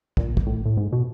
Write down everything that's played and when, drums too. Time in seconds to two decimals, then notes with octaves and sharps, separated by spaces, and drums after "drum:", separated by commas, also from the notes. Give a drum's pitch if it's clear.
0.17 A#2, drum: kick
0.37 drum: kick
0.47 A2
0.66 A2
0.77 G#2
0.93 B2